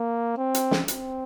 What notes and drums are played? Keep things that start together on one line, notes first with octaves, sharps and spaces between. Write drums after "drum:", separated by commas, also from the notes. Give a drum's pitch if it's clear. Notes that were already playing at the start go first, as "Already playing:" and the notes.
Already playing: A#3
C4
drum: hi-hat
drum: snare
C4, drum: hi-hat